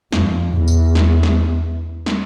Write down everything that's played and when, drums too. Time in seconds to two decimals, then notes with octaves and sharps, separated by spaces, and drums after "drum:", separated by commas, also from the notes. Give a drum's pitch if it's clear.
0.12 F2, drum: snare
0.54 E2
0.68 drum: tambourine
0.95 drum: snare
1.23 drum: snare
2.06 drum: snare